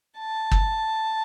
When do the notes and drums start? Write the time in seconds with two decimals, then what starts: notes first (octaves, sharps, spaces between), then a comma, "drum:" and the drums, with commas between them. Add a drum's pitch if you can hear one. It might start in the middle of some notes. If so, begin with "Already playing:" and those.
0.19 A5
0.51 drum: kick